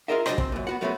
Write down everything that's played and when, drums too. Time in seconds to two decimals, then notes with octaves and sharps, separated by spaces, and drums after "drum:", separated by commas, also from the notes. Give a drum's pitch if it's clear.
0.08 F4 F#4 G#4 A#4 D#5 E5
0.26 F#3 G#3 D4 C5 D#5 G5, drum: rim click
0.38 C4, drum: kick
0.52 F#2 A#2
0.67 B3 F#4 F#5
0.81 F#3 G#3 A3 B3 C#4 F#4